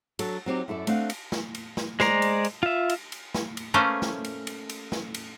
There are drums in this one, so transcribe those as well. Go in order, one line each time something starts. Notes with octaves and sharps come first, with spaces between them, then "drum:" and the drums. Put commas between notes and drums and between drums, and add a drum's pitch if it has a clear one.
F#3 D4 F#4 A4, drum: cymbal
F#3 C4 D#4 G4
F#2 E4 A4 D5
A3 C4 D4 D#5 F5 F#5, drum: cymbal
drum: cymbal
drum: snare
drum: cymbal
drum: snare
G#3 C5 D5 A#5, drum: snare
drum: cymbal
drum: cymbal
F4 E5
drum: cymbal
drum: cymbal
drum: snare
drum: cymbal
A3 A#3 C#4 B4 C5
drum: snare
drum: cymbal
drum: cymbal
drum: cymbal
drum: snare
drum: cymbal